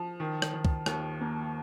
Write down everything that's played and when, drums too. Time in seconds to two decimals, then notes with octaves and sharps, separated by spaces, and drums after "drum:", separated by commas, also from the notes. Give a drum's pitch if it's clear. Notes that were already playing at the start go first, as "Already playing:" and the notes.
Already playing: F3
0.20 D#3
0.42 drum: rim click
0.53 D#3
0.65 drum: kick
0.86 D#2, drum: rim click
1.21 A#3